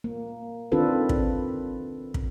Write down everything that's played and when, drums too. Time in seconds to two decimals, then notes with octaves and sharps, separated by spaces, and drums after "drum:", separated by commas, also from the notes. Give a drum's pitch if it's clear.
0.04 A#3
0.72 D#3 C4 D4 F4 A4 B4
1.09 drum: kick
2.14 drum: kick